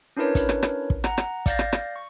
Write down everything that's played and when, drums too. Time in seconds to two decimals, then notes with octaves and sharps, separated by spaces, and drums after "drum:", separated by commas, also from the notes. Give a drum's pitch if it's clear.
0.17 C#4 D4 E4 A#4 B4 C#5
0.35 drum: kick, hi-hat
0.49 drum: rim click
0.63 drum: rim click
0.90 drum: kick
1.04 F#5 A#5, drum: rim click
1.17 drum: rim click
1.46 D5 F5 G6 A6 A#6, drum: kick, hi-hat
1.59 drum: rim click
1.72 drum: rim click
1.96 C#6